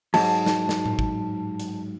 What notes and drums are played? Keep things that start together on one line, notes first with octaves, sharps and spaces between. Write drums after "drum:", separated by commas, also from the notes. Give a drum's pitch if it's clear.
G#2 F#3 A5, drum: cymbal
drum: snare
drum: snare
drum: tom A2
drum: kick
drum: hi-hat